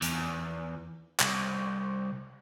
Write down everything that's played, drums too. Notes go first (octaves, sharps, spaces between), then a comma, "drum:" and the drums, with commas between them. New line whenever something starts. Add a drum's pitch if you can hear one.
E2, drum: hi-hat
C2, drum: clap